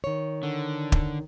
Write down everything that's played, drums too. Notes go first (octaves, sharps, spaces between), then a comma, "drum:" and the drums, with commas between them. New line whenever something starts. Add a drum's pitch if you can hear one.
D#3 C#5
D3
drum: kick